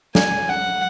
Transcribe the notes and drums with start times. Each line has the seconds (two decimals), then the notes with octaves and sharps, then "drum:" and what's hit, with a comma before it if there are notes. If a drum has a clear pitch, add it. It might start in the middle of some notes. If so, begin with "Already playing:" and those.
0.15 G#5, drum: snare
0.49 F#5